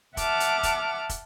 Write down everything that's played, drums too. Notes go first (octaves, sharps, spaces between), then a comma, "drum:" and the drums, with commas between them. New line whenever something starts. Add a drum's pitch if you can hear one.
E5 F#5 A5 D6 F6, drum: kick, hi-hat
drum: hi-hat
drum: kick, hi-hat
drum: kick, hi-hat